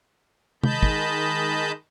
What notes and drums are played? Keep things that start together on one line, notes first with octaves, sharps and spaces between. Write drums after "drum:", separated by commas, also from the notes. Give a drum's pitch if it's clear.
D#3 G#3 D#5 A5 B5 G6, drum: tom
drum: kick